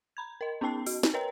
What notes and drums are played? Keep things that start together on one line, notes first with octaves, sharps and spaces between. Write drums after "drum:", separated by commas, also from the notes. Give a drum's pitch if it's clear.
A#5 B5 G#6
A#4 D#5
B3 C#4 D#4 G5 A5 C7
F#4, drum: open hi-hat
drum: snare
A#4 B4 C#5 D#5 G5 A#5